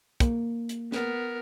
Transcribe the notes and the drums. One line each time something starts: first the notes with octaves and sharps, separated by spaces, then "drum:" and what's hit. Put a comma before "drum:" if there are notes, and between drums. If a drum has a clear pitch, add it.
A#3, drum: kick, hi-hat
drum: hi-hat
B3 A#4, drum: snare